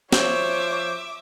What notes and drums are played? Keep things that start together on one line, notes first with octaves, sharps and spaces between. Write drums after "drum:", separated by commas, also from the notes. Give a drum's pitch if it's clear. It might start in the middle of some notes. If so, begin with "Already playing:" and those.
F3 C5 C#5 E5 D6, drum: snare